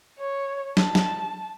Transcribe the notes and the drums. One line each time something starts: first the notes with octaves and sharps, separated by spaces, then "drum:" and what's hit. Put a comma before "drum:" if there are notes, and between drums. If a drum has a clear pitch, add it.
C#5
A5, drum: snare
drum: snare